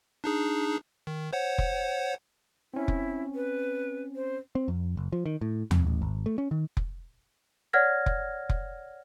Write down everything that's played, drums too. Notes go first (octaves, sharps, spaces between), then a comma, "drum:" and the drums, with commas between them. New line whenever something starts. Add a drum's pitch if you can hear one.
D4 D#4 G#4
D#3
C5 C#5 F#5
drum: kick F1
C4 C#4 E4
drum: kick F1
B4
C5
C4
F2
F#1
F3
D#3
A2
F2, drum: tom
A1
G#1
A3
C#4
D#3
drum: kick F1
C#5 D5 F#5 F6 G#6 A#6
drum: kick F1
drum: kick F1